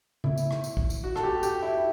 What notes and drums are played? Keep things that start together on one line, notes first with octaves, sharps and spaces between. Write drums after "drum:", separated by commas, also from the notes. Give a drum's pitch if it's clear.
E4, drum: tom C#3
drum: tambourine
drum: rim click
drum: tambourine
drum: kick
drum: tambourine
F#4
A4, drum: rim click
G4
G4, drum: tambourine
E4